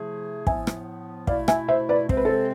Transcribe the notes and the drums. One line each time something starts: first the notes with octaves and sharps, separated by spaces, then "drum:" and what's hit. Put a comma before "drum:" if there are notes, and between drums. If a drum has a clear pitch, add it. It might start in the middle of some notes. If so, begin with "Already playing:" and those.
Already playing: C3 F3 A3 E4 G#4
A2 F3 B3 E5 G#5, drum: kick
drum: rim click
B2 A3 E4 D5 F5, drum: kick
E5 G#5, drum: rim click
C5 E5
B4 D5
C3 G#3 C4 C5, drum: kick
B4
A4 C5